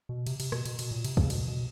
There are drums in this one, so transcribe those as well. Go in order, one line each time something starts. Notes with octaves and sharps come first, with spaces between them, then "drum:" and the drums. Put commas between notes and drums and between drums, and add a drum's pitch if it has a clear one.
B2
C3, drum: cymbal
C3, drum: cymbal
B2, drum: rim click
B2, drum: cymbal
B2, drum: cymbal
A#2
C3, drum: cymbal
C#3, drum: kick
B2, drum: cymbal
B2